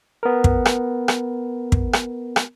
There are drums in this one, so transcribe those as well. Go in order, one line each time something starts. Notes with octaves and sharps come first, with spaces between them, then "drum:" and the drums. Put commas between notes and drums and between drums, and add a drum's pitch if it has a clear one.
B3 A#4
drum: kick
drum: rim click
drum: rim click
drum: kick
drum: rim click
drum: rim click